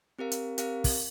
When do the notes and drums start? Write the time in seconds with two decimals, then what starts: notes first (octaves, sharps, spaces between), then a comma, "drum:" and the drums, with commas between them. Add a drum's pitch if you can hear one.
0.19 C4 G4 A#4 F5
0.32 drum: hi-hat
0.58 C4 G4 A#4 F5, drum: hi-hat
0.84 drum: kick, open hi-hat